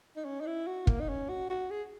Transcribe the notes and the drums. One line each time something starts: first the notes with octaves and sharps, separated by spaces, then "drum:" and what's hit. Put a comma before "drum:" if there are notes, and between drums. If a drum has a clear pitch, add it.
D#4
C#4
D#4
E4
F#4
A#3, drum: kick
D#4
C#4
F#4
F#4
G#4